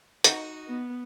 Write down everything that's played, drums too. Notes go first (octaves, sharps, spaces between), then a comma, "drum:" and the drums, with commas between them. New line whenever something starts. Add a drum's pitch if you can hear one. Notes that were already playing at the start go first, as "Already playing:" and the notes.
D#4 F#4, drum: hi-hat
B3